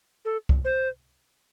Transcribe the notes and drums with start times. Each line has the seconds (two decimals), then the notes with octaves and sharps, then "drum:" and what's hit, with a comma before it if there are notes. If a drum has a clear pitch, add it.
0.25 A4
0.49 drum: kick C2
0.64 C5